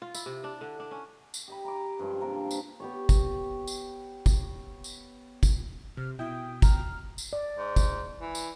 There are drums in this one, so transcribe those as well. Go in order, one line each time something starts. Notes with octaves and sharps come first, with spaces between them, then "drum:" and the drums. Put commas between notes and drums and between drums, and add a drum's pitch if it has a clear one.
F4
E4, drum: tambourine
C3
D4
D3
D4
C#4
drum: tambourine
G4 D#5 B5
A#5 B5 D6
G2 F3 G#3 C#4
C3 A#3 D4 A#4
drum: tambourine
B3 G4 C#5
drum: kick, tambourine
drum: tambourine
drum: kick, tambourine
drum: tambourine
drum: kick, tambourine
C3 F6
B2 E4 G5 D#6
A#5 F6, drum: kick, tambourine
drum: tambourine
D5
G#2
drum: kick, tambourine
E3
drum: tambourine